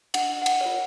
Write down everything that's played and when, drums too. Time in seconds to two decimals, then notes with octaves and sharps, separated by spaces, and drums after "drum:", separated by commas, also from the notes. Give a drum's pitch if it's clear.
0.14 D4 F#5, drum: cymbal
0.42 F#5
0.46 G5, drum: cymbal
0.61 F4 A#4 C#5